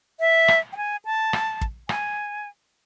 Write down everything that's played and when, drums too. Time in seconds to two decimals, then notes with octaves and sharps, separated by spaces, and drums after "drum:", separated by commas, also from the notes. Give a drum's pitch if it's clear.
0.20 E5
0.48 drum: rim click
0.73 G5
0.77 G#5
1.05 A5
1.33 drum: rim click
1.61 drum: kick
1.89 G#5, drum: rim click